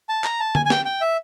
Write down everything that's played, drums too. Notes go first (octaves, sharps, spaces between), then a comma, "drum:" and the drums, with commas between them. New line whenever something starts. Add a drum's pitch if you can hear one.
A5
A#5, drum: clap
A5
G#5, drum: tom D3
G#5
G5, drum: snare
G5
E5